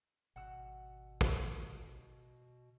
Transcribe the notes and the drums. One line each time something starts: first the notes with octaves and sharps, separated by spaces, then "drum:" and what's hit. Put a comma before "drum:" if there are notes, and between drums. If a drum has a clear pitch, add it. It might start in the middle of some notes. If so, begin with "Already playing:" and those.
G#1 B2 F#5 E6
drum: kick